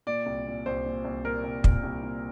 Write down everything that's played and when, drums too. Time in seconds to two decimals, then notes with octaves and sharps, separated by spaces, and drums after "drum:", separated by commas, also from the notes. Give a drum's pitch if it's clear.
0.07 A#2 D5
0.26 C2
0.47 A#2
0.66 C2 C5
0.86 A#2
1.05 C2
1.24 A#2 A#4
1.44 C2
1.64 A#2, drum: kick
1.83 C2
2.03 A#2